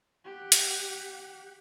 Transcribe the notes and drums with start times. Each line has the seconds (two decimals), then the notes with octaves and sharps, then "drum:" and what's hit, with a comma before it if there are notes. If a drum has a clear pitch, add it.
0.25 G4 F#5
0.52 drum: hi-hat